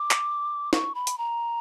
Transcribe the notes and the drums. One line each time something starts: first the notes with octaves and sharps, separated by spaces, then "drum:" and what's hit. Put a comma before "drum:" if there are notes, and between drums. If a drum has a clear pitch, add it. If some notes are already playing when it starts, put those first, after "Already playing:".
Already playing: D6
drum: clap
C#6, drum: snare
B5
drum: hi-hat
A#5